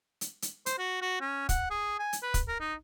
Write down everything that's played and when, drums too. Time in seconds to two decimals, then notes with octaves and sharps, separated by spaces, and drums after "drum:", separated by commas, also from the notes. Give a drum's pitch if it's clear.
0.21 drum: hi-hat
0.42 drum: hi-hat
0.66 C5, drum: hi-hat
0.79 F#4
1.02 F#4
1.20 C#4
1.49 F#5, drum: kick, hi-hat
1.70 G#4
1.99 G#5
2.13 drum: hi-hat
2.23 B4
2.34 drum: kick, hi-hat
2.48 A#4
2.60 D#4